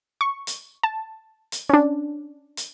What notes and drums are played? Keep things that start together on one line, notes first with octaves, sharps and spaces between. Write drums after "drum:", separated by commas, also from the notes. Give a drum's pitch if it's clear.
C#6
drum: hi-hat
A5
drum: hi-hat
C#4 D4
drum: hi-hat